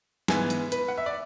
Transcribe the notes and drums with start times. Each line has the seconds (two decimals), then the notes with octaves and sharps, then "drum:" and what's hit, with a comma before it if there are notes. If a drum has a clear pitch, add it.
0.28 G#2 E3 B3 G#5, drum: snare
0.50 drum: hi-hat
0.72 B4, drum: hi-hat
0.88 F#5
0.98 E5
1.06 D5